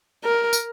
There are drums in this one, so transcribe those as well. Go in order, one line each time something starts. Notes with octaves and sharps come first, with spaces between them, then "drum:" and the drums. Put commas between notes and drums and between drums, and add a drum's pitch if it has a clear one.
A#4
drum: tambourine